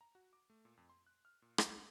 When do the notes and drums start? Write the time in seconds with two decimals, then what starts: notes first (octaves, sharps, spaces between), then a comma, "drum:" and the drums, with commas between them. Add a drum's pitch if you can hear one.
0.01 A#5
0.15 F#4
0.33 D6
0.50 A3
0.65 A#2
0.77 F2
0.89 C6
1.07 F#6
1.25 F6
1.42 A#2
1.58 C5, drum: rim click
1.77 G#4